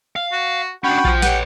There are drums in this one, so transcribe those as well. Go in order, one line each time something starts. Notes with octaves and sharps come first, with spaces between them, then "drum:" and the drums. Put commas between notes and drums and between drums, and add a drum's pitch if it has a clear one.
F5
F#4
C#4 D4 F#4 G5 B5
F4 C5, drum: kick A#1
G4 B4 C#5 F#5, drum: snare